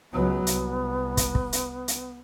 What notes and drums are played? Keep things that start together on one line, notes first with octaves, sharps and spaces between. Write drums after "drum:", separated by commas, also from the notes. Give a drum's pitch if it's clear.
C#2 F#3 B3
C2, drum: hi-hat
drum: kick, hi-hat
drum: kick
drum: hi-hat
drum: hi-hat